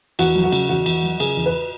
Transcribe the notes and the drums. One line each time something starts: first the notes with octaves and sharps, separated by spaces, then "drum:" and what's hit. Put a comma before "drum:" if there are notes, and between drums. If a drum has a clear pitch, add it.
E2 F#4, drum: cymbal
F#3
F#4
C#3, drum: cymbal
E2 F#4
E2, drum: cymbal
F#3
C#3 G#4, drum: cymbal
E2
B4